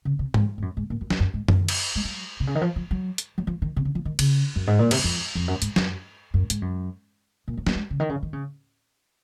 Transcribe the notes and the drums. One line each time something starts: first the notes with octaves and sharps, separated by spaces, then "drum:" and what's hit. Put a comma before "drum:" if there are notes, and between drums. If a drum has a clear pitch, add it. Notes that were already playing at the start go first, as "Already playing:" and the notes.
C#3
C3
G#2, drum: tom G#2
G#2
F#2
G#2
A#2
F#2
F2, drum: snare
F#2
G#2
D#3, drum: tom F#2
drum: cymbal
G#3
F#3
C3
C#3
D#3
F3
F3
F#3
drum: hi-hat
F#3
F3
D#3
C3
C#3
F3
D#3
C#3, drum: cymbal
F#2
G#2
A#2
C3, drum: cymbal
F2
F2
F#2
G#2, drum: hi-hat
F#2, drum: snare
F#2
G#2, drum: hi-hat
F#2
A#2
F#3
A#3, drum: snare
G#3
C#3
D#3
C#3
D#3
C#3